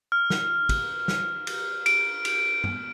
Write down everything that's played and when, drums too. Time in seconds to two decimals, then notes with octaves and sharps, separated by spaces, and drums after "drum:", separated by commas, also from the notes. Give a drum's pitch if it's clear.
0.12 F6
0.30 drum: snare
0.69 drum: kick, cymbal
1.08 drum: snare
1.47 drum: cymbal
1.86 D7, drum: cymbal
2.25 drum: cymbal
2.64 drum: tom G2